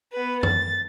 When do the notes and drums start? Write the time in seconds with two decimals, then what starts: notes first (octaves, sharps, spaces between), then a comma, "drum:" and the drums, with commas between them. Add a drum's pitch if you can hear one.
0.12 B3 B4
0.43 A6, drum: tom F#2